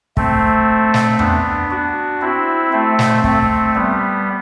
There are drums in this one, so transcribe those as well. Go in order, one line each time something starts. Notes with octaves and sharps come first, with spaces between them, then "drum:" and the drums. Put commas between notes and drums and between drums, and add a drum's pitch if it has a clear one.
A3 C4, drum: kick
drum: snare
B3 D4, drum: tom E2
D4 F#4
C4 E4
A3 C4
drum: snare
A3 C4, drum: kick
G3 B3